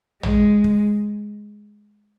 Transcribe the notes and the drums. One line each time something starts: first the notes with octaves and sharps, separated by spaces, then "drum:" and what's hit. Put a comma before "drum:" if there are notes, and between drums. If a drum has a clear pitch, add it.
G#3, drum: tom
drum: kick